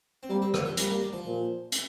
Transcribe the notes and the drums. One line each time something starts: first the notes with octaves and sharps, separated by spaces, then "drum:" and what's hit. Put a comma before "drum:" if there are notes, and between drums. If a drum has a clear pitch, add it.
C4
G3 A#3
C4
A#3, drum: rim click
F3
G3 A#3, drum: hi-hat
A#3
G3
F3
A#2
drum: hi-hat